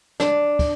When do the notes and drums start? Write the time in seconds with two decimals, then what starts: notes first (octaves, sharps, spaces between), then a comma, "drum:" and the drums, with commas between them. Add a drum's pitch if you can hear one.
0.20 D4, drum: snare
0.59 drum: kick, cymbal